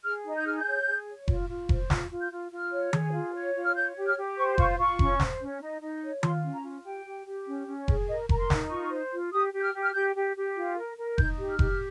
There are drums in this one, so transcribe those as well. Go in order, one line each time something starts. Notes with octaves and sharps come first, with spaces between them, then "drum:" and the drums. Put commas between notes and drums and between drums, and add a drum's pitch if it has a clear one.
G#4 F6
D#4
G6
G#4 F6
G6
C#5
G#4
C#5
F4, drum: kick F1
F4
C5, drum: kick F1
F4 F6, drum: snare
F4
G6
F4
F4 F6
C#5
G#4, drum: tom D#3
F4
C#5
F4
F6
C#5 G6
G4
F6
G4
C5 C#6
F4 C#6, drum: kick F1
F4 C#6
C#4, drum: kick F1
C5, drum: snare
C#4
D#4
D#4
C#5
F4 C6, drum: tom D#3
C#4
A#5
F4
G4 G5
G4
G4
C#4
C#4
G#4, drum: kick F1
A#4 D#5
A#4 A#5, drum: kick F1
C6
D#4, drum: snare
F4 C#6
C5
F4
G4 D#6
G4
G6
F6
G4
F6
G4 G6
G4
G4
F4
A#4
A#4
D#4 G6, drum: kick F1
G4
F6
G4, drum: kick F1